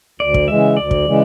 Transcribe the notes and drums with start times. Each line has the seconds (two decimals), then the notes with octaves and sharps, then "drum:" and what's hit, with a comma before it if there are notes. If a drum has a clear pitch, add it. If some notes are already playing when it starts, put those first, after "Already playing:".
0.20 D2 D5
0.34 drum: kick
0.48 C#3 E3 G#3 E5
0.77 D2 D5
0.91 drum: kick
1.05 C#3 E3 G#3